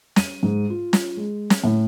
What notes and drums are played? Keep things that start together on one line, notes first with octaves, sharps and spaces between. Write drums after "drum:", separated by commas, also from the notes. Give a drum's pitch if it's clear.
D#7, drum: snare
G#2
F4
drum: snare
G#3
drum: snare
A2